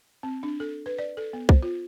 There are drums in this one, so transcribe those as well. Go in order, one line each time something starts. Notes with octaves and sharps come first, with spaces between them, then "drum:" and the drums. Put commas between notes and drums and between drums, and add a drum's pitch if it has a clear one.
C4
D4
A4
B4
D5
A4
B3
C5, drum: kick C2
F4